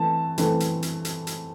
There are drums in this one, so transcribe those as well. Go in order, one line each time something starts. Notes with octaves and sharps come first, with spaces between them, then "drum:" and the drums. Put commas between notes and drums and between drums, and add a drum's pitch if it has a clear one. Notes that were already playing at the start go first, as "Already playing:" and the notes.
Already playing: E3 A3 C4 A5
E3 A3 C4, drum: hi-hat
drum: hi-hat
drum: hi-hat
drum: hi-hat
drum: hi-hat